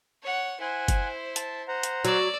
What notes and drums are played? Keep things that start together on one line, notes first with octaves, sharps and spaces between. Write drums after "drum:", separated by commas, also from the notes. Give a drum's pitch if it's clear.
C#5 F#5
E4 C5 F#5 G#5
drum: kick F#1, hi-hat
A5, drum: hi-hat
C5 F#5 A#5
drum: hi-hat
F#3 D5 E6, drum: hi-hat